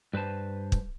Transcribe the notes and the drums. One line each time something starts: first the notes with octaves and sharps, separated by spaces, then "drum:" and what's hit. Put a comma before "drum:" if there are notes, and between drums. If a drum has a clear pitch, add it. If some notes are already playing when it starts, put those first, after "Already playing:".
G2 B4 C5 A5
drum: kick